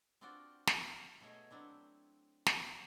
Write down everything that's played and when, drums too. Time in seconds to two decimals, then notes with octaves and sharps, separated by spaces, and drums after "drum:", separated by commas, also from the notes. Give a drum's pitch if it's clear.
0.21 C4 D4 F4 F#4 C5 D5
0.67 F4, drum: snare
1.20 B2 G#3 A3 C#5 D#5
1.51 F#3 C4 D4 E4
2.46 F#3, drum: snare